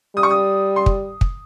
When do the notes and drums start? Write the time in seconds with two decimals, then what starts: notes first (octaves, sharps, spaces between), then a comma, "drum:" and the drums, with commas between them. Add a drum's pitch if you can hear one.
0.16 G3 D#6
0.23 C#6
0.30 D#6
0.76 C6
0.86 drum: kick
1.21 drum: kick